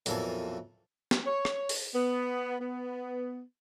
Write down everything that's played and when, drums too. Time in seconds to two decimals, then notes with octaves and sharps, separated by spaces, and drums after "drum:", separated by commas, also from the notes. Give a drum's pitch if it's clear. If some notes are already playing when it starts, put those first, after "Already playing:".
0.06 B1 F2 A#2 E3 A4 G#5, drum: hi-hat
1.11 drum: snare
1.26 C#5
1.45 drum: rim click
1.69 drum: open hi-hat
1.95 B3
2.61 B3